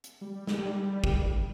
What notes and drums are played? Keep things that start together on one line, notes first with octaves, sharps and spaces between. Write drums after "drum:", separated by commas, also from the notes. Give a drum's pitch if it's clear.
drum: hi-hat
G3
drum: snare
drum: kick